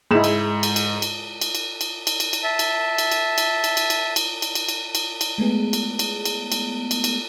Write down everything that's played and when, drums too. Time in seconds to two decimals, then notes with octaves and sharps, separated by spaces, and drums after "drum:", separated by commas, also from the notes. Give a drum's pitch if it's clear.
0.11 G#2 G#3 E4 E7
0.24 drum: cymbal
0.63 drum: cymbal
0.76 drum: cymbal
1.02 drum: cymbal
1.41 drum: cymbal
1.55 drum: cymbal
1.81 drum: cymbal
2.07 drum: cymbal
2.20 drum: cymbal
2.33 drum: cymbal
2.43 E5 A5
2.59 drum: cymbal
2.98 drum: cymbal
3.12 drum: cymbal
3.38 drum: cymbal
3.64 drum: cymbal
3.77 drum: cymbal
3.90 drum: cymbal
4.16 drum: cymbal
4.42 drum: cymbal
4.55 drum: cymbal
4.68 drum: cymbal
4.95 drum: cymbal
5.21 drum: cymbal
5.38 G#3 A3 B3 G#4
5.73 drum: cymbal
5.99 drum: cymbal
6.25 drum: cymbal
6.52 drum: cymbal
6.91 drum: cymbal
7.04 drum: cymbal